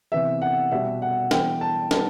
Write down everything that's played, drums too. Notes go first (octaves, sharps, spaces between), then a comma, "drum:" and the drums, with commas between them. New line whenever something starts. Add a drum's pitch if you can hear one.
C3 E3 B3 E5
F#5
B2 G3 B3 E5
F#5
E3 G3 B3 G5, drum: snare
A5
D#3 G3 B3 A5, drum: snare